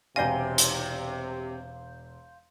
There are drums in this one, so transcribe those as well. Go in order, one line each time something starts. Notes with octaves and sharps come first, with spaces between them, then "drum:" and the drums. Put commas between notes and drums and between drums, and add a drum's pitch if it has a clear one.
E1 C3 D5 F5 G#5 C6 G6 A#6
drum: hi-hat